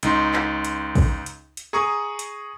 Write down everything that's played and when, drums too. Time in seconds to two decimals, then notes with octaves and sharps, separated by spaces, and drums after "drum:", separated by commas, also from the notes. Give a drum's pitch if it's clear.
0.03 C#2 D#4 C6, drum: hi-hat
0.34 drum: clap
0.65 drum: hi-hat
0.95 drum: kick, open hi-hat
1.26 drum: hi-hat
1.57 drum: hi-hat
1.73 G#4 A#5 C#6 D#6
2.19 drum: hi-hat